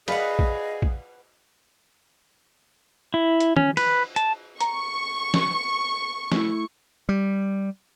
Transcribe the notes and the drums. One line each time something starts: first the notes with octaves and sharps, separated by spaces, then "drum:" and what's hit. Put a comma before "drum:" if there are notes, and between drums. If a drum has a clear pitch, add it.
G#4 B4 D5 D#5 F5 F#5, drum: cymbal
drum: kick A#1
drum: kick A#1
E4
drum: hi-hat
C#4, drum: tom
B4, drum: cymbal
A5, drum: hi-hat
A#5 C#6, drum: hi-hat
drum: snare
A3 E4, drum: snare
G3